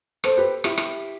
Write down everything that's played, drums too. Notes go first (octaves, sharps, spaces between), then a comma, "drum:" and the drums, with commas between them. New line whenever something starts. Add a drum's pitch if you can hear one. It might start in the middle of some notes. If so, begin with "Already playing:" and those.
A4 C5, drum: rim click
G4 B4
E4 G4, drum: rim click
drum: rim click